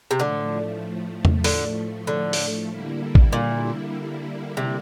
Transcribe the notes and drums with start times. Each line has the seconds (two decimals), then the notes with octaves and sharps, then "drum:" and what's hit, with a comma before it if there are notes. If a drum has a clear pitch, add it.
0.11 C3
0.19 A2 D3 F3 A3
1.25 drum: tom E2
1.44 D3, drum: open hi-hat
2.07 D3
2.33 drum: open hi-hat
2.69 D3 G3 A#3 E4
3.15 drum: kick
3.33 A#2
4.57 C3